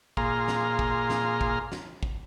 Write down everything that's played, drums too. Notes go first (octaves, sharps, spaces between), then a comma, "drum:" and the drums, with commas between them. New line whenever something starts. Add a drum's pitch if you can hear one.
A#2 G#4 F5 A#5 C6, drum: kick
drum: snare
drum: kick
drum: snare
drum: kick
drum: snare
drum: kick